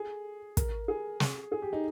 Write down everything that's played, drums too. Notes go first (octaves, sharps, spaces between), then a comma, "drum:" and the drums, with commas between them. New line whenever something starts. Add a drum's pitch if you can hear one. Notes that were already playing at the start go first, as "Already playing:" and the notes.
Already playing: G#4
A#4, drum: kick, hi-hat
G#4
drum: snare
G#4
G4
D#4